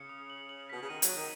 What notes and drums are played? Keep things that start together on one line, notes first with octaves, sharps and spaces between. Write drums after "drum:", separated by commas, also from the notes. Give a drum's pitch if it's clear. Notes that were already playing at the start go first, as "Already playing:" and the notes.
Already playing: C#3 C#7
D#6
F#7
F#7
B2 B6
C#3
D#3 D#7
F#3, drum: hi-hat
C#6
D#3